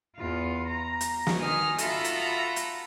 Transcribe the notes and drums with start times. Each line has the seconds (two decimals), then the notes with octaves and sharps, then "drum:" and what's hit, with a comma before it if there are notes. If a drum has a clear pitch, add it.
0.16 E2 F4
0.67 A#5
1.01 drum: hi-hat
1.27 drum: snare
1.41 D#3 G#5 D#6 F6
1.78 F4 F#4 A4 E5 A#5 B5, drum: hi-hat
2.04 drum: hi-hat
2.56 drum: hi-hat